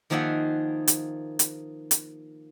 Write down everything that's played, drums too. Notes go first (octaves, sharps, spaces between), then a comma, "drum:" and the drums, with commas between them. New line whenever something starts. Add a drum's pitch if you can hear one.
D#3 F3 A#3 G#4 E5 F#5
drum: hi-hat
drum: hi-hat
drum: hi-hat